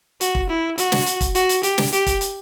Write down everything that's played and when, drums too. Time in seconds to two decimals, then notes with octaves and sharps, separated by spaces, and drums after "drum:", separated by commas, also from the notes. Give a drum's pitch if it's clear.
0.21 F#4, drum: hi-hat
0.35 drum: kick
0.50 E4
0.78 F#4, drum: hi-hat
0.92 drum: snare
1.06 drum: hi-hat
1.21 drum: kick, hi-hat
1.35 F#4, drum: hi-hat
1.49 drum: hi-hat
1.63 G4, drum: hi-hat
1.78 drum: snare
1.92 G4, drum: hi-hat
2.06 drum: kick, hi-hat
2.21 drum: hi-hat